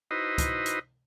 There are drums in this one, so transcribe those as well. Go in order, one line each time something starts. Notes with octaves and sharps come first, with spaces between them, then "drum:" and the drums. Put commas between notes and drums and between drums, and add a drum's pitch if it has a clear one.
D#4 E4 F#4 B4 C5 D#5
drum: kick C#2, hi-hat
drum: hi-hat